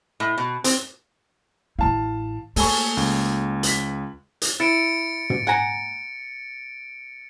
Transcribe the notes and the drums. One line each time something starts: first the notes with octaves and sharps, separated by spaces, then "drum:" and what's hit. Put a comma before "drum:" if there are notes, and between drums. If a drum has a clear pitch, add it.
A2
B2
C4, drum: hi-hat
A1 E4 F5 A5
A3 A#3 A4 G#5 C#6, drum: open hi-hat
C#2
B6 F#7, drum: hi-hat
drum: hi-hat
E4 A6 C#7 D7
drum: tom
F#5 G#5 A#5